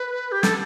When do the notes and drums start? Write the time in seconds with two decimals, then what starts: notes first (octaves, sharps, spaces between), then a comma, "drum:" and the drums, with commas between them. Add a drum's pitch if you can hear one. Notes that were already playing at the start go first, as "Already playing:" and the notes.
Already playing: B4
0.32 G4
0.43 A4, drum: snare